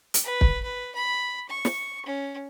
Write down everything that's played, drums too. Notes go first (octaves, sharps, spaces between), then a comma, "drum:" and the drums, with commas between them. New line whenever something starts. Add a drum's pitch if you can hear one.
drum: hi-hat
B4
drum: kick
B4
B5
C#6
drum: snare
C#4